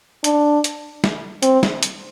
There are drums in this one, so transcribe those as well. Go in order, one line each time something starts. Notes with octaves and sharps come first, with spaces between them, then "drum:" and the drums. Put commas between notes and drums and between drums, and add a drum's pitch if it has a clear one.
D4, drum: hi-hat
drum: hi-hat
drum: snare
C4, drum: hi-hat
drum: snare
drum: hi-hat